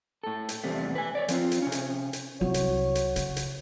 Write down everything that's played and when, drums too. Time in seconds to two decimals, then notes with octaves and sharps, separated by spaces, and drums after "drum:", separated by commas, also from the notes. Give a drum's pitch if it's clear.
0.23 A2 A4
0.49 drum: hi-hat
0.64 E2 C3 G3 A3
0.95 B4 G#5
1.15 C#5 D5
1.28 F3 C4 F4, drum: hi-hat
1.51 drum: hi-hat
1.62 C3 C#4
1.72 drum: hi-hat
2.13 drum: hi-hat
2.41 C2 F#3 C#5
2.54 drum: hi-hat
2.95 drum: hi-hat
3.16 C#3, drum: hi-hat
3.36 drum: hi-hat